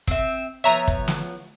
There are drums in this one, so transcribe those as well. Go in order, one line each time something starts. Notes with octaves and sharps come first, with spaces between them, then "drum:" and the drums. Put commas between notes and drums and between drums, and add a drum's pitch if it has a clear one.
C4 E5, drum: kick
F3 B3 C#5 E5 A#5
drum: kick
drum: snare